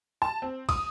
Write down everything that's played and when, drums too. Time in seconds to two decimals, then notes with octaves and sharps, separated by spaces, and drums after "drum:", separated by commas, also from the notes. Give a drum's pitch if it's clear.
0.22 A5
0.42 C4
0.69 D#6, drum: kick, cymbal